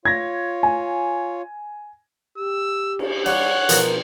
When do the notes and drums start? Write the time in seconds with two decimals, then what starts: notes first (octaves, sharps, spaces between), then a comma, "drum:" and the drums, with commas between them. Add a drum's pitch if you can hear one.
0.05 F4 C#5 G#6 A#6
0.63 G#5
2.38 G4 E6
2.99 drum: cymbal
3.26 G3 C#5 D5 F5 F#5 F#6, drum: cymbal
3.69 B2 F3 F4 A#4, drum: hi-hat